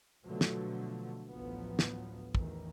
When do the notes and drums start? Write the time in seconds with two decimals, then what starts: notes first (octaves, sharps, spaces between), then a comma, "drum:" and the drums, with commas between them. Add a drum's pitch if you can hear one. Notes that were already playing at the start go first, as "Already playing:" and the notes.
0.24 B2 D3 F3 F#3 A3
0.41 drum: snare
1.30 A1 D2 F3 F#3 B3
1.79 drum: snare
2.35 A1 E2 D#3 E3, drum: kick